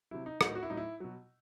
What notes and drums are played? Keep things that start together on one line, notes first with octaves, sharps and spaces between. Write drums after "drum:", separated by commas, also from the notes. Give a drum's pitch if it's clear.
C3 F#3 E4
D#4
A2 F#3 D#4, drum: rim click
F#4
E4
A2 F#3 D#4
E4
B2 F#3